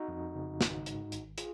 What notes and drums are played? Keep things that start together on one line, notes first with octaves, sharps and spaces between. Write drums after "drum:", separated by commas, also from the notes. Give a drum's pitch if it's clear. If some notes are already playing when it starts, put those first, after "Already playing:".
Already playing: D#4 F#4
F2
C#3
G#1, drum: snare
G#2, drum: hi-hat
G#1, drum: hi-hat
F4 G#4, drum: hi-hat